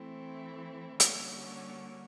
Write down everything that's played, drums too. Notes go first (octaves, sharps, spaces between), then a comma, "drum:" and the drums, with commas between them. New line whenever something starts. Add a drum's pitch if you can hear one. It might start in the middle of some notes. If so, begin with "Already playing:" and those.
Already playing: E3 A3 C4 E4
D3 G3 A#3 C#4 F#4, drum: hi-hat